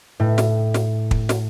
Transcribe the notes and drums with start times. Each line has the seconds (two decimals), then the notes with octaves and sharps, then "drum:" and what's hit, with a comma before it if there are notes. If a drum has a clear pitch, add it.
0.20 A2
0.38 drum: snare
0.74 drum: snare
1.11 drum: kick
1.29 drum: snare